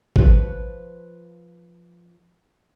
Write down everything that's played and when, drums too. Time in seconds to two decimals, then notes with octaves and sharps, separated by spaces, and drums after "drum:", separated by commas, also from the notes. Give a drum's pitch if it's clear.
0.16 F3 B4 C#5, drum: kick G#1